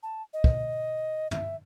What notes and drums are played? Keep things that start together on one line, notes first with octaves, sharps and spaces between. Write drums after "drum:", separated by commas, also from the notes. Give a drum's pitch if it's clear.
A5
D#5
drum: kick
E5, drum: tom